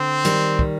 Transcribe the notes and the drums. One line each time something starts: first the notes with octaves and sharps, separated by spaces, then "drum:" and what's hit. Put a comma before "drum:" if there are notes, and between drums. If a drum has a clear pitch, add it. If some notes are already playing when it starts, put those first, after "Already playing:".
Already playing: D3 C4
D#3 G3, drum: hi-hat
drum: kick